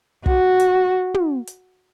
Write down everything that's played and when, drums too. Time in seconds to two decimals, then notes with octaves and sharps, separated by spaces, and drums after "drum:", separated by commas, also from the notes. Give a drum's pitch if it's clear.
0.26 F#4, drum: kick
0.60 drum: hi-hat
1.14 drum: tom
1.47 drum: hi-hat